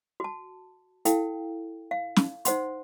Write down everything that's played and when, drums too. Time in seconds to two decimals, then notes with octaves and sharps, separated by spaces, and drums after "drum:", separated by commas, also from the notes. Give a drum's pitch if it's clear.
0.20 F#4 A5
1.05 E4 A4 F5 G5, drum: hi-hat
1.91 F5
2.16 drum: snare
2.45 D#4 C5 F#5 C6, drum: hi-hat